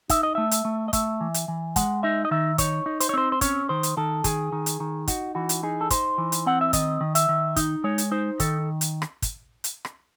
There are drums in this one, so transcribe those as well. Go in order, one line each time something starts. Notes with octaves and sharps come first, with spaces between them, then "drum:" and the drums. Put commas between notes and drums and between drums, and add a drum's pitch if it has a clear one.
D#4 E5, drum: kick, hi-hat
D#5
A3 E5
drum: hi-hat
A3
D#5
A3 E5, drum: kick, hi-hat
E3
drum: hi-hat
E3
G#3 F#5, drum: kick, hi-hat
D#4 E5
D#5
D#3 E5
D#4 C#5, drum: kick, hi-hat
D#4
C5, drum: hi-hat
C#5
C4 C5
C5
C#4 C#5, drum: kick, hi-hat
D#3 C5
drum: hi-hat
D#3 A4
D#3 G#4, drum: kick, hi-hat
D#3
drum: hi-hat
D#3
D#4 F#4, drum: kick, hi-hat
E3 F#4
drum: hi-hat
D#4 G#4
A4
D#4 C5, drum: kick, hi-hat
E3
drum: hi-hat
C4 F#5
E5
D#3 D#5, drum: kick, hi-hat
D#3
E5, drum: hi-hat
D#3
D#4, drum: kick, hi-hat
G#3 C#5
drum: hi-hat
D#4 C5
D#3 A4, drum: kick, hi-hat
drum: hi-hat
drum: rim click
drum: kick, hi-hat
drum: hi-hat
drum: rim click